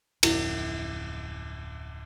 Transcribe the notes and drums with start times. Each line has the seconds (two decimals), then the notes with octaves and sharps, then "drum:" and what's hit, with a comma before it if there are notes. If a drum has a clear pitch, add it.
0.23 D1 F2 E4, drum: cymbal